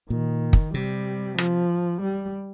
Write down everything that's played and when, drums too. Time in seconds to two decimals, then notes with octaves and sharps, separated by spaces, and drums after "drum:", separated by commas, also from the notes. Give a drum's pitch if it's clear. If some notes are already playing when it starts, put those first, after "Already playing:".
0.10 A#2 D#3
0.53 drum: kick
0.74 C3 G3
1.38 F3, drum: rim click
2.02 G3